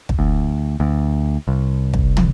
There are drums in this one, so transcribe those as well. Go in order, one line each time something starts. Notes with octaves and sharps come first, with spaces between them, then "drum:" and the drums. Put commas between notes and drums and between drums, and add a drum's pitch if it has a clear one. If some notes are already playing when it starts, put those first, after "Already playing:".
drum: kick
D2
D2
C2
drum: kick
drum: tom